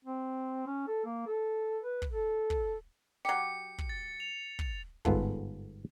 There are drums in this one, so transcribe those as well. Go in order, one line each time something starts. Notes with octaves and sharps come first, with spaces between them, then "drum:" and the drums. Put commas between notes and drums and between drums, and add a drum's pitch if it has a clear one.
C4
C#4
A4
A#3
A4
B4
drum: kick
A4
drum: kick
F#3 G4 C#7
drum: kick
A6
F7
drum: kick
G1 G#2 B3 F4 A4, drum: kick